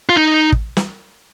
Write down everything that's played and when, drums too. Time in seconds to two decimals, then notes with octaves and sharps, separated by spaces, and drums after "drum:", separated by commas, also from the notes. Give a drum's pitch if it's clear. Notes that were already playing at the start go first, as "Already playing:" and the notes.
0.09 F4
0.16 D#4
0.52 drum: kick
0.77 drum: snare